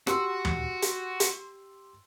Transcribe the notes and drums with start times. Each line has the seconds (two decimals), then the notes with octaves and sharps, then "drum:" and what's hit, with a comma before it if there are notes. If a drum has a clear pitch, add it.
0.07 F#4 G4 C6 E6, drum: rim click
0.45 drum: tom
0.82 drum: hi-hat
1.20 drum: hi-hat